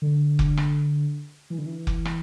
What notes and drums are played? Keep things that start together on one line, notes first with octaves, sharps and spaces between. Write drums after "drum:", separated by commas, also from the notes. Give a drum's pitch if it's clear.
D3
drum: kick F1
drum: rim click
E3
D3
E3
drum: kick F1
drum: rim click